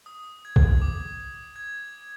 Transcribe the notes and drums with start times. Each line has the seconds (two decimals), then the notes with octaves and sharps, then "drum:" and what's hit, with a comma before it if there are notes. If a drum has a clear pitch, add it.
0.06 D#6
0.45 G#6
0.56 drum: kick A#1
0.82 D6
1.56 G#6